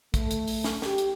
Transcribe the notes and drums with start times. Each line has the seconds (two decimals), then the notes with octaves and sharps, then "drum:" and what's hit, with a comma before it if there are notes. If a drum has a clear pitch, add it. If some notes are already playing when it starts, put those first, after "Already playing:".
0.14 A3, drum: kick, hi-hat
0.31 drum: hi-hat
0.48 drum: open hi-hat
0.64 drum: snare
0.82 G4, drum: snare
0.98 drum: hi-hat